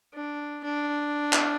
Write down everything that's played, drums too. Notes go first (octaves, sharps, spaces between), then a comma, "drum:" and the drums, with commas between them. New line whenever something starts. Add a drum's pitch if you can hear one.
D4
D4
drum: clap